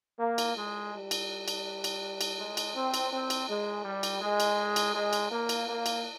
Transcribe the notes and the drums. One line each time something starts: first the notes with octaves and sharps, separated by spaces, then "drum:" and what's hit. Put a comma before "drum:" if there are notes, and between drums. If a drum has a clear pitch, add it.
A#3
drum: cymbal
G#3
G3
drum: cymbal
drum: cymbal
drum: cymbal
drum: cymbal
G#3
drum: cymbal
C4
drum: cymbal
C4
drum: cymbal
G#3
G3
drum: cymbal
G#3
drum: cymbal
drum: cymbal
G#3
drum: cymbal
A#3
drum: cymbal
A#3
drum: cymbal